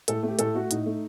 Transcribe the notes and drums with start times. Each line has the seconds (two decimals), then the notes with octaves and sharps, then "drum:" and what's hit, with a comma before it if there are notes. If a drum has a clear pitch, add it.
0.08 A2 A4, drum: hi-hat
0.23 A3
0.28 G4
0.39 A2 A4, drum: hi-hat
0.54 A3 F#4
0.71 A2 D#4, drum: hi-hat
0.86 A3